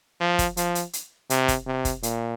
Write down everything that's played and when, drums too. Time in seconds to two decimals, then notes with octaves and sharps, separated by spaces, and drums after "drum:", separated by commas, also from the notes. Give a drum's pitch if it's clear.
0.21 F3
0.39 drum: kick, hi-hat
0.57 F3, drum: hi-hat
0.75 drum: hi-hat
0.93 drum: hi-hat
1.30 C3, drum: hi-hat
1.48 drum: kick, hi-hat
1.66 C3
1.85 drum: kick, hi-hat
2.03 A#2, drum: hi-hat